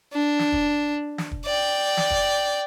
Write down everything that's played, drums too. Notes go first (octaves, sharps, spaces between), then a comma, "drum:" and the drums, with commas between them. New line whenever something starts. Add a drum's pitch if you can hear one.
D4
drum: snare
drum: kick
drum: snare
drum: kick
D5 G5
drum: snare
drum: kick